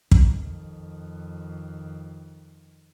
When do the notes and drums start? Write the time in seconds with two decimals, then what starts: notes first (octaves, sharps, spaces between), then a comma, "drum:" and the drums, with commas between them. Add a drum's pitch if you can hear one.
0.11 F2 D#3, drum: kick